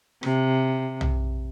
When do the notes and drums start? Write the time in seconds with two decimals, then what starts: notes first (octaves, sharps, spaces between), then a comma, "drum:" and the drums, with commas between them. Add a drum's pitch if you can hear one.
0.23 C3, drum: rim click
1.01 drum: tom